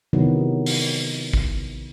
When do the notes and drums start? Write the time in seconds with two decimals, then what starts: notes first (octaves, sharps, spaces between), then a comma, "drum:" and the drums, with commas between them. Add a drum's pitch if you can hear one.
0.13 C3 D#3 E3 F#3 B3 D#4
0.66 drum: open hi-hat
1.33 drum: kick A1